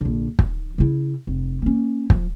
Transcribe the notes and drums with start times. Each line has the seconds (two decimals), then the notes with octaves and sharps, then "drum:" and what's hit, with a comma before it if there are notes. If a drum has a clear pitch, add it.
0.01 A#1 D3
0.39 D#3, drum: kick
0.78 C#3 E4
1.27 F1
1.62 A#3 C#4
2.10 F3, drum: kick